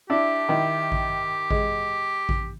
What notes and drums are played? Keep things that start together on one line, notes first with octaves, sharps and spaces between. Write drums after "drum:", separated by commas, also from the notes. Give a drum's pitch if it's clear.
D4 E4 G4
D#3 E4
drum: kick A1
G#3, drum: kick A1
drum: kick A1